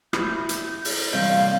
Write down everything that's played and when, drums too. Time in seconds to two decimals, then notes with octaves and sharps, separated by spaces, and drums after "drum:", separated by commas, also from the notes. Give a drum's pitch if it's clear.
0.13 E4 G6, drum: rim click
0.49 drum: hi-hat
0.85 drum: open hi-hat
1.13 G3 C4 D#5 F5 G6